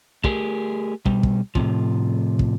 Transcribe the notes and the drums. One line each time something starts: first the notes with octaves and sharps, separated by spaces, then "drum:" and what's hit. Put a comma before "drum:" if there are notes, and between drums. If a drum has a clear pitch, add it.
A3 G4 G#4 A#4, drum: kick
B2 G3, drum: kick
drum: kick
A2 C3 F3, drum: kick
drum: kick